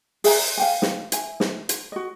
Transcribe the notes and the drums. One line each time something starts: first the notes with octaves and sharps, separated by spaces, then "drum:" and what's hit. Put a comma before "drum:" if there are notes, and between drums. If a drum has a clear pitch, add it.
G#4 E5 G#5 A#5, drum: open hi-hat
F5 G5 G#5
drum: snare
E5 G#5, drum: hi-hat
drum: snare
drum: hi-hat
F#4 D#5